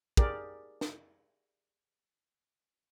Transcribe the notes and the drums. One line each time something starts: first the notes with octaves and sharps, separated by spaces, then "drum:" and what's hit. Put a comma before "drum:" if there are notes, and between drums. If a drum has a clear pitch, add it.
G4 G#4 A#4 D5, drum: kick
drum: snare